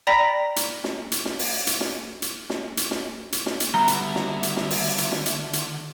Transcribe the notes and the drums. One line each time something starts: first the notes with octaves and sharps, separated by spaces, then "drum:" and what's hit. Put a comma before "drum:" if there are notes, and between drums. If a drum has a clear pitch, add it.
D5 G5 A#5 B5 A#6 B6
drum: hi-hat
drum: snare
drum: hi-hat
drum: snare
drum: open hi-hat
drum: hi-hat
drum: snare
drum: hi-hat
drum: snare
drum: hi-hat
drum: snare
drum: hi-hat
drum: snare
drum: hi-hat
D3 F#3 G3 B3 E5 A#5
drum: hi-hat
drum: snare
drum: hi-hat
drum: snare
drum: open hi-hat
drum: hi-hat
drum: snare
drum: hi-hat
drum: hi-hat